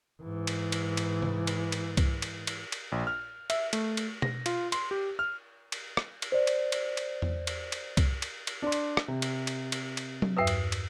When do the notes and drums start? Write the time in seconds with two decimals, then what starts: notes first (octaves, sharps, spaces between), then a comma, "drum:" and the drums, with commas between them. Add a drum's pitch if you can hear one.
0.22 G#2 E3
0.47 drum: cymbal
0.72 drum: cymbal
0.97 drum: cymbal
1.22 drum: tom C3
1.47 drum: cymbal
1.72 drum: cymbal
1.97 drum: kick C2, cymbal
2.22 drum: cymbal
2.47 drum: cymbal
2.72 drum: cymbal
2.92 A#1
3.07 F6
3.50 E5, drum: cymbal
3.73 A3, drum: cymbal
3.97 drum: cymbal
4.22 A#6, drum: tom B2
4.46 F4, drum: cymbal
4.72 C6, drum: cymbal
4.91 G4
5.19 F6
5.72 drum: cymbal
5.97 drum: rim click
6.22 drum: cymbal
6.32 C5 D5
6.47 drum: cymbal
6.72 drum: cymbal
6.97 drum: cymbal
7.22 drum: tom E2
7.47 drum: cymbal
7.72 drum: cymbal
7.97 drum: kick C2, cymbal
8.22 drum: cymbal
8.47 drum: cymbal
8.62 D4 D5 C6
8.72 drum: cymbal
8.97 drum: rim click
9.08 C3
9.22 drum: cymbal
9.47 drum: cymbal
9.72 drum: cymbal
9.97 drum: cymbal
10.22 drum: tom F#3
10.37 E2 G2 B4 D#6 E6 C7
10.47 drum: cymbal
10.72 drum: cymbal